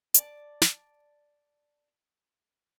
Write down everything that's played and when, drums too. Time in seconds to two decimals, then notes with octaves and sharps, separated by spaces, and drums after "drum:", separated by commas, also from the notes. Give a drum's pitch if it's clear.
0.14 D5 A5, drum: hi-hat
0.62 drum: snare